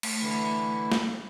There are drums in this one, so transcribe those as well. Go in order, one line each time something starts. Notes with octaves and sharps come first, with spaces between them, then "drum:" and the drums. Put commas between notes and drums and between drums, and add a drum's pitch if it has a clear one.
A3, drum: cymbal
D3 E3 E4
drum: snare